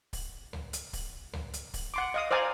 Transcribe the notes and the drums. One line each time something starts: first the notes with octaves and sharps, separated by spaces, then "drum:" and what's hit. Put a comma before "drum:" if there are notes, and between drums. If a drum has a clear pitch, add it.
drum: kick D1, open hi-hat
drum: tom C#2
drum: hi-hat
drum: kick D1, open hi-hat
drum: tom C#2
drum: hi-hat
drum: kick D1, open hi-hat
F#5 C6 D6
D#5 F5 D#6
C5 D5 F5 G#5 A#5